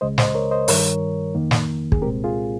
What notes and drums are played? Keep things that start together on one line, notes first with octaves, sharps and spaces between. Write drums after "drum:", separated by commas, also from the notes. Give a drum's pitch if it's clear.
C#2 C#3 G#3 C5 D#5
C5 D#5, drum: snare
A#4 C#5
C5 D#5
G2 D#3 G3 A#4 C#5, drum: open hi-hat
F2 D#3 A#3
drum: snare
G#4, drum: kick
C2 A#2 G#3 C4 G4 A#4
F4 G#4